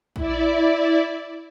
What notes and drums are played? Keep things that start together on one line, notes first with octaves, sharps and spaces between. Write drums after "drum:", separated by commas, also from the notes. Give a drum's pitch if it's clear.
E4 D5, drum: kick A#1